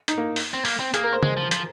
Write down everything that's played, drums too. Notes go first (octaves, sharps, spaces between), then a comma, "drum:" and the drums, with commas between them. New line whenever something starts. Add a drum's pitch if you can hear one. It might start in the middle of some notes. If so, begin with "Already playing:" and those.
D#4, drum: hi-hat
A#3
drum: open hi-hat
C4
A#3, drum: open hi-hat
C4
A#3 G#4, drum: hi-hat
A#4
C5
G#3, drum: tom
F3
F3, drum: hi-hat